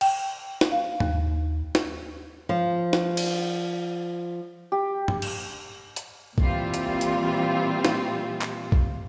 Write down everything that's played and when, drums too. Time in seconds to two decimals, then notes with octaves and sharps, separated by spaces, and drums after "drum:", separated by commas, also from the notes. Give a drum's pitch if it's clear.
0.01 G5, drum: cymbal
0.61 drum: snare
0.72 F5
1.00 D#2, drum: tom
1.75 drum: snare
2.49 F3
2.93 drum: snare
3.17 drum: cymbal
4.72 G4
5.08 drum: tom
5.22 drum: cymbal
5.96 drum: hi-hat
6.38 A#2 E3 G3 C4 F4, drum: kick A#1
6.74 drum: hi-hat
7.01 drum: hi-hat
7.85 drum: snare
8.42 drum: clap
8.72 drum: kick A#1